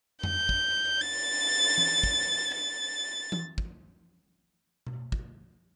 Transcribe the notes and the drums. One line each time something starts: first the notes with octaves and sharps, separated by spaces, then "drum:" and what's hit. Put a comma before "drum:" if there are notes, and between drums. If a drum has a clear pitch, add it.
G6, drum: tom F2
drum: kick
A6
drum: tom E3
drum: kick
A6
drum: tom E3
drum: kick
drum: tom B2
drum: kick